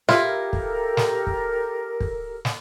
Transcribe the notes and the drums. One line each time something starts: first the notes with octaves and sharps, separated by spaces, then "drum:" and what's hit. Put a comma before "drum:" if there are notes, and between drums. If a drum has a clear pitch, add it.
E4 F4 G4 A4 A#4, drum: snare
drum: kick
drum: snare
drum: kick
drum: kick
drum: snare